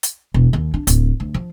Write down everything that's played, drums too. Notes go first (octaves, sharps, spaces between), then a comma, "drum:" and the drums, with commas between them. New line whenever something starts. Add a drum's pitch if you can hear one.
drum: hi-hat
E1
D#2
D4
D1, drum: hi-hat
D2
F3